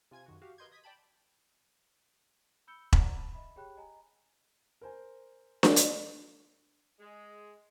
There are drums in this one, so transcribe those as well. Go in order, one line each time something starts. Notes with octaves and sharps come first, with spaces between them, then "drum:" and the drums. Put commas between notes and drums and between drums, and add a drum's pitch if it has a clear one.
C3 F4 G#5 G#6
F#2 D#3 F#4
F#4 G4 F5
A#4 B4 D#5 C6 G6 G#6
D#5 D#6 G#6 B6
D5 G5 A5 B5
B5 E6 G6 C#7 G7
C5 D5 F#5 G#5 A#5 D6, drum: kick E1
A5 B5
D#5 E5 B5
G4 G#4 C#5 G5 B5 F#6
D#5 G#5 A#5
A#4 C5 G#5
drum: snare D4
drum: hi-hat
G#3